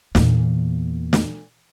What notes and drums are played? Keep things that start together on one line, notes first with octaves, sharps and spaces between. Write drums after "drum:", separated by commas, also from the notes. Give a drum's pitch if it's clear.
E2 A#2, drum: snare
drum: snare